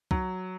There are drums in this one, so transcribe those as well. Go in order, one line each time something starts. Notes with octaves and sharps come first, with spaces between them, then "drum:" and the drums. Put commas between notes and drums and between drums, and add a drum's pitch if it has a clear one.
F#3, drum: kick